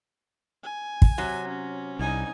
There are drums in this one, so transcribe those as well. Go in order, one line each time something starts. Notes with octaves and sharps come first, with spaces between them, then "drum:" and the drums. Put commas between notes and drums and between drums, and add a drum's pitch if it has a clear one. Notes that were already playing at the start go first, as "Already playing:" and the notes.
G#5
drum: kick
C3 F#3
C#4
C2 D#4 G#5